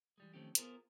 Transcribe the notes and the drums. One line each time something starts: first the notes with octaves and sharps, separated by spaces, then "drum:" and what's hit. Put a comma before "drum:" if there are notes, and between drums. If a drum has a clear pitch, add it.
E3 G3 G#3
D#3 F3 A3 C4 C#4 G4
B3 F4 G#4 A#4 C5, drum: hi-hat